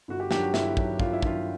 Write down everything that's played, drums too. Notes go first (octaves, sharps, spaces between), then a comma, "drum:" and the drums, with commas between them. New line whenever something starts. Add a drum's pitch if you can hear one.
G1 F#4
G4
G2 D#3 F#3 G4, drum: snare
F#4
G1 E4, drum: snare
G2 D#3 F#3, drum: kick
G1 F4, drum: kick
E4
G2 D#3 F#3 F4, drum: kick